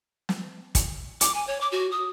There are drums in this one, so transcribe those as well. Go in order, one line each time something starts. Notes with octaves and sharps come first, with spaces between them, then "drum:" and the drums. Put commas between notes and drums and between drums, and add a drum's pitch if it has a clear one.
drum: snare
drum: kick, hi-hat
D6, drum: hi-hat
G#5
C#5
D6
F#4
D#6